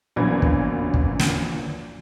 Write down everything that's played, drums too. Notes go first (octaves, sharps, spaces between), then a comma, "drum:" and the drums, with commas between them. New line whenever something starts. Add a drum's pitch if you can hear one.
A#1 F#2 A#2 E3 B3 G#6
drum: kick
drum: kick
drum: snare